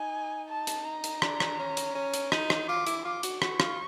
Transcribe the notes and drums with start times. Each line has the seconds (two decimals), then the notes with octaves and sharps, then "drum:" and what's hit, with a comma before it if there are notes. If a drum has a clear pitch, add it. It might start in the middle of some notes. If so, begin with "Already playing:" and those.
Already playing: D#4 G#5
0.49 A5
0.67 drum: hi-hat
0.85 A#5
1.04 drum: hi-hat
1.22 D4, drum: rim click
1.40 drum: rim click
1.59 C#4
1.77 drum: hi-hat
1.95 C#4
2.14 drum: hi-hat
2.32 D#4, drum: rim click
2.50 drum: rim click
2.68 F4 D6
2.87 E4, drum: hi-hat
3.05 F4 D6
3.23 F#4, drum: hi-hat
3.42 F#4 C#6, drum: rim click
3.60 F4, drum: rim click